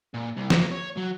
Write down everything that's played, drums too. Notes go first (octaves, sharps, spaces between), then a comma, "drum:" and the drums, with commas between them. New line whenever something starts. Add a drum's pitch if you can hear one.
A#2
C2
A#3, drum: snare
C#5
F#3